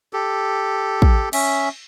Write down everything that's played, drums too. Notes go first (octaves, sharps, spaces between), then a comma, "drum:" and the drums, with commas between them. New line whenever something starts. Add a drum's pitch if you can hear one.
G4 A4
drum: kick
C#4 E5, drum: cymbal